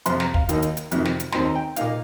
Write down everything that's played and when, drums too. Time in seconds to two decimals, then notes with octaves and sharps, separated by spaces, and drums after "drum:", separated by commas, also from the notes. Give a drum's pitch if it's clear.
0.06 F2 C3 F3 C6, drum: hi-hat
0.20 A#5, drum: snare
0.34 F5, drum: kick
0.49 D#2 D#3 A#3 D#4, drum: hi-hat
0.62 drum: hi-hat
0.77 drum: hi-hat
0.91 F2 C3 D#3 C4, drum: hi-hat
1.05 drum: snare
1.20 drum: hi-hat
1.32 D#2 D#3 C4 D#4 C6, drum: snare
1.44 A#5
1.56 G5
1.76 A#2 A#3 D#4 F5, drum: hi-hat